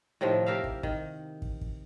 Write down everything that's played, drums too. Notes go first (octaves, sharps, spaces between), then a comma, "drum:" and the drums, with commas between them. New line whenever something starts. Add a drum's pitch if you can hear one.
A2 C3 D#3 F3
G4 A#4 E5 F5
drum: kick
D#3, drum: kick
drum: kick
drum: kick